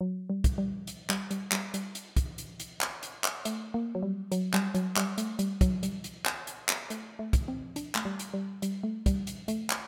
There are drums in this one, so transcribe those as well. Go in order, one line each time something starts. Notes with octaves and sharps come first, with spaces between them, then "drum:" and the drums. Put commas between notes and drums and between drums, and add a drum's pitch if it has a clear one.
F#3
G3
drum: kick, hi-hat
G3
drum: hi-hat
G3, drum: clap
G3, drum: hi-hat
G3, drum: clap
G3, drum: hi-hat
drum: hi-hat
drum: kick, hi-hat
drum: hi-hat
drum: hi-hat
drum: clap
drum: hi-hat
drum: clap
A3, drum: hi-hat
A#3
F#3
G3
F#3, drum: hi-hat
G3, drum: clap
F#3, drum: hi-hat
G3, drum: clap
A3, drum: hi-hat
G3, drum: hi-hat
F#3, drum: kick, hi-hat
G3, drum: hi-hat
drum: hi-hat
drum: clap
drum: hi-hat
drum: clap
A3, drum: hi-hat
A3
drum: kick, hi-hat
C4
D4, drum: hi-hat
A3, drum: clap
G3
drum: hi-hat
G3
G3, drum: hi-hat
A3
G3, drum: kick, hi-hat
drum: hi-hat
A3, drum: hi-hat
drum: clap